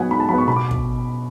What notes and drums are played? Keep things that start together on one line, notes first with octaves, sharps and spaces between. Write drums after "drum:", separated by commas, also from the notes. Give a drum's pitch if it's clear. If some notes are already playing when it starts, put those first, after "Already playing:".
Already playing: G#2 F#3 B3 F#5 G#5
G#2 B5
A5
F#3 B3 B5
C#6
B2 B5
D6
drum: kick